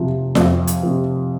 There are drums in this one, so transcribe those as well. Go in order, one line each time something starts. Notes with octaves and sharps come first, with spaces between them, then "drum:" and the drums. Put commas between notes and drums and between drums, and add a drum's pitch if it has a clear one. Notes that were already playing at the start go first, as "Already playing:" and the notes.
Already playing: C3 F3
F2, drum: snare F4
drum: hi-hat
C3 F3